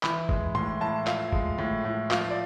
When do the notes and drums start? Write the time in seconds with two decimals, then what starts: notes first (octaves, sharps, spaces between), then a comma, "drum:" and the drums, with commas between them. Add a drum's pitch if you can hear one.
0.03 E3 B5, drum: clap
0.29 G#3, drum: kick G1
0.55 A2 C6, drum: tom A2
0.81 A2 A5
1.07 F3 F5, drum: clap
1.33 G#3, drum: kick G1
1.58 A2, drum: tom D3
1.85 A2
2.11 F3 F5, drum: clap
2.30 D5